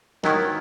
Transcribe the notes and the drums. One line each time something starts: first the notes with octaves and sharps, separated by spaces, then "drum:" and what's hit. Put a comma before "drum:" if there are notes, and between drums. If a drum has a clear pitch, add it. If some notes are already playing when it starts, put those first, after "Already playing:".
G#2 D#3 F#3 B3 E4, drum: snare